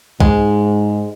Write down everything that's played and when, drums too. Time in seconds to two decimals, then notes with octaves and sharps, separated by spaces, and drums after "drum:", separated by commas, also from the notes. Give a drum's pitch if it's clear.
0.20 G#2 G#3, drum: kick